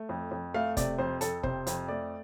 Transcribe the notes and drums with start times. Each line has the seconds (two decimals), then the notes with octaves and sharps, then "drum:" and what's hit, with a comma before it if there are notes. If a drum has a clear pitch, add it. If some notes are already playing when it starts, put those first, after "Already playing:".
Already playing: A3
0.09 F2
0.31 F2
0.54 A3 F5
0.77 C3 D5, drum: kick, hi-hat
0.98 F2 C5
1.21 F2 A4, drum: hi-hat
1.43 C3 C5, drum: kick
1.67 F2, drum: hi-hat
1.88 A3 D5